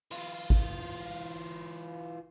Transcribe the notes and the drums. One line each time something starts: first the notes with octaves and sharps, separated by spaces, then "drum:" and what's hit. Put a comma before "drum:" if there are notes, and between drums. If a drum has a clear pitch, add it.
E3 F4
drum: kick G#1